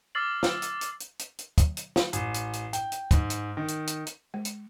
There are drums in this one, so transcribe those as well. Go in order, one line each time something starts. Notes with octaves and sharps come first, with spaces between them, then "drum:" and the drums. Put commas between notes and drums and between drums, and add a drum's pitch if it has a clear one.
D6 E6 F6 A6 C7 F#7
drum: snare
drum: hi-hat
drum: hi-hat
drum: hi-hat
drum: hi-hat
drum: hi-hat
drum: kick, hi-hat
drum: hi-hat
drum: snare
A1, drum: hi-hat
drum: hi-hat
drum: hi-hat
G5, drum: hi-hat
drum: hi-hat
G#2, drum: kick, hi-hat
drum: hi-hat
D#3
drum: hi-hat
drum: hi-hat
drum: hi-hat
G#3
drum: hi-hat